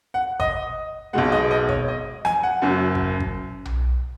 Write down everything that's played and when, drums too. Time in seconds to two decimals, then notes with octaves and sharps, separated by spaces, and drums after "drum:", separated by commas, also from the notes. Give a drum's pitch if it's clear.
0.14 F#5
0.40 D#5, drum: kick G1
1.13 B1 B2 G#3 F#5
1.32 D#5
1.51 D#5
1.69 C#5, drum: kick G1
1.88 D#5
2.25 G#5, drum: snare
2.43 F#5
2.62 F#1 F#2 F#3
2.95 drum: kick G1
3.20 drum: kick G1
3.65 drum: tom B1